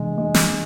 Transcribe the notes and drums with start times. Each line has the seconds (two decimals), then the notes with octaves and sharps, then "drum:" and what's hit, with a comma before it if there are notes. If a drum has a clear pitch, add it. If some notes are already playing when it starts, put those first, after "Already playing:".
Already playing: C3 E3 G#3 B3 D4
0.18 G#3
0.34 drum: snare